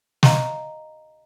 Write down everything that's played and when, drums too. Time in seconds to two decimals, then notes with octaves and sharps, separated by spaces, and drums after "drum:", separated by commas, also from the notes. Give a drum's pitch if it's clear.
0.23 D#5 F5 A#5, drum: snare